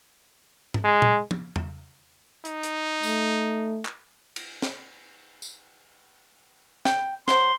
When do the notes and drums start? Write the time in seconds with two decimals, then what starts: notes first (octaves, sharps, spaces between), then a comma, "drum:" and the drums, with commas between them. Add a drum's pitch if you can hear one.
0.74 drum: tom G#2
0.84 G#3
1.02 drum: tom A#2
1.31 drum: tom
1.56 drum: tom E2
2.45 D#4, drum: hi-hat
2.63 drum: hi-hat
3.03 A3, drum: tambourine
3.85 drum: clap
4.36 drum: cymbal
4.62 drum: snare
5.42 drum: tambourine
6.85 G5, drum: snare
7.28 F#3 C5 C6, drum: snare